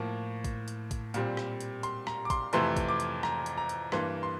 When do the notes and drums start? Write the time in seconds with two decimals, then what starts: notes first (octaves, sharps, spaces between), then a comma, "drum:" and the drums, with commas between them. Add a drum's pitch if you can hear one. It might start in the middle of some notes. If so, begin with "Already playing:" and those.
Already playing: A2 F3 A#3
0.44 drum: kick G#1, hi-hat
0.68 drum: hi-hat
0.91 drum: kick G#1, hi-hat
1.14 A#2 G3 C4, drum: hi-hat
1.37 drum: rim click
1.61 drum: hi-hat
1.83 C6, drum: hi-hat
2.07 A#5, drum: rim click
2.25 D6
2.30 C6, drum: kick G#1, hi-hat
2.53 F2 C3 E3 A3 C6, drum: hi-hat
2.77 drum: kick G#1, hi-hat
2.89 D6
3.00 drum: hi-hat
3.23 A#5, drum: rim click
3.46 drum: hi-hat
3.57 A#5
3.69 drum: hi-hat
3.92 G2 E3 A#3 C6, drum: rim click
4.23 C6